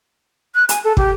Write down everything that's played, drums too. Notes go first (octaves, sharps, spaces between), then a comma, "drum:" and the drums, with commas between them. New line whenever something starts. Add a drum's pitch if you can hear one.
F#6
G#5, drum: hi-hat
A4
G4, drum: kick